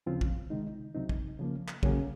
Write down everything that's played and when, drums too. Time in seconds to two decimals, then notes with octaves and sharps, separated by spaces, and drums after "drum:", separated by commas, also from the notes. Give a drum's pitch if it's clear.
0.06 D#2 C#3 F3 C4 F4
0.21 drum: kick
0.50 C3 D#3 G#3 D#4
0.95 C#2 C3 F#3 C4 D#4
1.09 drum: kick
1.39 C#3 F3 A#3
1.68 drum: clap
1.83 C#3 F#3 A#3 C#4 G#4, drum: kick